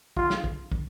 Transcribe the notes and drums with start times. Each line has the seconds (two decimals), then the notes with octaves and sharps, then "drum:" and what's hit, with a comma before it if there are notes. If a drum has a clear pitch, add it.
0.17 F4, drum: kick
0.30 drum: snare
0.44 drum: kick
0.72 drum: kick